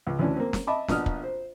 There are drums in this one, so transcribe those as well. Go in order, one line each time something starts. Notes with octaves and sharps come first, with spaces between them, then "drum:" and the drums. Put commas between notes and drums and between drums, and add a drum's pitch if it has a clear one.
C#2
D2 E3 C#4 D4
A#3 C4
drum: snare
D#5 E5 A5 B5 D6
A#1 B2 D4 F#4 D#6 F6, drum: snare
drum: kick
C5